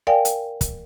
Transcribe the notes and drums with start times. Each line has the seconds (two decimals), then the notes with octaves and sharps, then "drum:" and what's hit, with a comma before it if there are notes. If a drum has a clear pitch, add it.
0.07 A#4 D5 F5 G5 G#5
0.25 drum: hi-hat
0.61 drum: kick, hi-hat